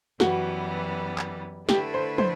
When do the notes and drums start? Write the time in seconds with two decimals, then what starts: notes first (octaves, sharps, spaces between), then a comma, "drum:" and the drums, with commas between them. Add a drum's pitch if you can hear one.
0.20 F#2 E3 G3 B3 F#4, drum: snare
1.18 drum: clap
1.69 D3 A3 E4 G4 B4, drum: snare
1.94 C5
2.18 C5, drum: tom